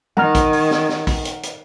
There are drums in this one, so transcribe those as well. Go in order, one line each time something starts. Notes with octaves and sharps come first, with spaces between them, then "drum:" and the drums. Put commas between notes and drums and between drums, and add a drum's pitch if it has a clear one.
D#3 F#5 A#5 F6, drum: tom
drum: kick, hi-hat
drum: open hi-hat
drum: snare
drum: snare
drum: kick, open hi-hat
drum: hi-hat
drum: hi-hat